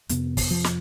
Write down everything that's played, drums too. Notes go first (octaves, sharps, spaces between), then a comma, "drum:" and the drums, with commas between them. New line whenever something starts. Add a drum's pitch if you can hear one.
F2 C3 B3, drum: hi-hat
drum: kick, open hi-hat
F3
drum: snare